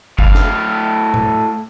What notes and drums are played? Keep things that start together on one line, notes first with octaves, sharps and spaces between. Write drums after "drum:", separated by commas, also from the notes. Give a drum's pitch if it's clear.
A2 F5, drum: kick
drum: snare
drum: tom A2